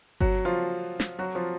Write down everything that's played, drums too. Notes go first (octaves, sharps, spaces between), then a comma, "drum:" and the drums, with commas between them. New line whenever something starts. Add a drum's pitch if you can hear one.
F#3 F#4, drum: kick G1
F3 F4
drum: snare
F#3 F#4
F3 F4